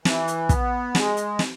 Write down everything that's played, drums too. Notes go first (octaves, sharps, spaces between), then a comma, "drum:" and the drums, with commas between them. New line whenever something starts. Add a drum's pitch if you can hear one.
E3, drum: snare
drum: hi-hat
B3, drum: kick, hi-hat
G#3, drum: snare
drum: hi-hat
drum: snare